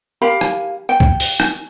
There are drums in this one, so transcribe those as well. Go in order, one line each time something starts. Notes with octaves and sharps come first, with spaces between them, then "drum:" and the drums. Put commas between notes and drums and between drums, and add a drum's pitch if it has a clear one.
G4 A#4 F5 B5
drum: rim click
G5
drum: kick
drum: open hi-hat
drum: rim click